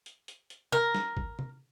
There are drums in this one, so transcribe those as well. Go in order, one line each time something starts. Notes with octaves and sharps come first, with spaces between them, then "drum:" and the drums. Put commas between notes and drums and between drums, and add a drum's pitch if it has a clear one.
drum: hi-hat
drum: hi-hat
drum: hi-hat
A#4, drum: tom
drum: snare
drum: kick G#1
drum: tom